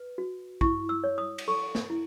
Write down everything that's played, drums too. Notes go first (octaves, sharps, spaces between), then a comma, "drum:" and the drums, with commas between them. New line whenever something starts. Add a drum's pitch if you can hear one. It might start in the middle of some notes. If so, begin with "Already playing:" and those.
Already playing: B4
F#4
E4 C#6, drum: kick
E6
C#5
D#6
drum: cymbal
A4 C#6
drum: snare
E4